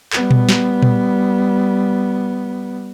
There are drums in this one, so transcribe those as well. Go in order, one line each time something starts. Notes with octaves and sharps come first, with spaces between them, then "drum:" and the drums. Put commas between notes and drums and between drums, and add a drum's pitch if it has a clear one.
G3 B3, drum: clap
drum: tom A#2
drum: snare
drum: tom A#2